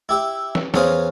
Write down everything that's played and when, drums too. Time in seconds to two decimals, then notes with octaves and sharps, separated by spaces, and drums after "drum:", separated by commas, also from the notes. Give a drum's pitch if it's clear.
0.09 E4 G4 E5
0.55 drum: snare
0.74 E2 C#4 B4 C5 F5 D#6, drum: snare